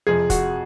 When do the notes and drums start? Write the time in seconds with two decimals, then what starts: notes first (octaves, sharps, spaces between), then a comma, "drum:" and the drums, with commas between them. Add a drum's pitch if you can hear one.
0.07 F2 C3 F3 G#4
0.30 F#4, drum: kick, hi-hat